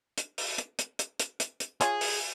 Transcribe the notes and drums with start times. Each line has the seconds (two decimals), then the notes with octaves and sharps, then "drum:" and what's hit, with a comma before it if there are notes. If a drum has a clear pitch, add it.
0.18 drum: hi-hat
0.38 drum: open hi-hat
0.58 drum: hi-hat
0.79 drum: hi-hat
0.99 drum: hi-hat
1.20 drum: hi-hat
1.40 drum: hi-hat
1.60 drum: hi-hat
1.81 F4 G#4 C#5 G#5 G#6, drum: hi-hat
2.01 drum: open hi-hat